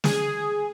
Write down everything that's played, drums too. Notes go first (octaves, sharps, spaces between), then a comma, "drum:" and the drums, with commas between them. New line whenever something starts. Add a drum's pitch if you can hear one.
G#4, drum: snare